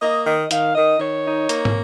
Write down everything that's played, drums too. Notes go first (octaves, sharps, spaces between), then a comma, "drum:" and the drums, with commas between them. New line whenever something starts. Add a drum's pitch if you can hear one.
A#3 D#5
D#3 D#5
D#3 F5, drum: hi-hat
D#3 D#5
D#3 C#5
D#4
A#3, drum: hi-hat
drum: tom